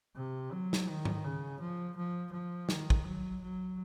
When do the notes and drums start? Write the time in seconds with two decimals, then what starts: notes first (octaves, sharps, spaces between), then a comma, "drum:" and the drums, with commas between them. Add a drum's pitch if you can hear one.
0.16 C3
0.52 F#3
0.73 drum: snare
0.88 D#3
1.05 drum: tom G#2
1.25 C#3
1.60 F3
1.96 F3
2.32 F3
2.69 D#3, drum: snare
2.90 drum: kick
3.05 F#3
3.41 F#3